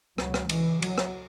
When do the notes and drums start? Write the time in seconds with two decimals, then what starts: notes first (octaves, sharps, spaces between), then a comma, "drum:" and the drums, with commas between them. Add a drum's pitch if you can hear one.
0.18 C#2 B2 F#3, drum: rim click
0.34 drum: rim click
0.49 E3, drum: cymbal
0.82 F#3, drum: cymbal
0.98 drum: rim click